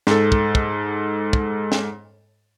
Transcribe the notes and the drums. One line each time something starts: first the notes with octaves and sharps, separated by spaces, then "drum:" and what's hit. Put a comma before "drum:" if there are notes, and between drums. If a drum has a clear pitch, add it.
G#2 A4, drum: snare
drum: kick
drum: kick
drum: kick
drum: snare